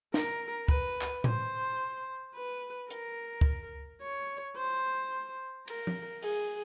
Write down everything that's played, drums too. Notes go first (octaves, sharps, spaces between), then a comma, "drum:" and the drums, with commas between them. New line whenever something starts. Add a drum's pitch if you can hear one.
A#4, drum: snare
B4, drum: kick C#2
drum: clap
C5, drum: tom A2
B4
A#4, drum: hi-hat
drum: kick C#2
C#5
C5
A#4, drum: cymbal
drum: tom
G#4, drum: open hi-hat